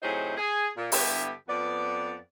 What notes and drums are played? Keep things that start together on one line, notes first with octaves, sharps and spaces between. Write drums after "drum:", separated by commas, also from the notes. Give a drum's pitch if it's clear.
A2 C3 F#3 D#4 G#4 C5
G#4
A#2
G2 D3 B3 E4 G4, drum: open hi-hat
F2 B3 D5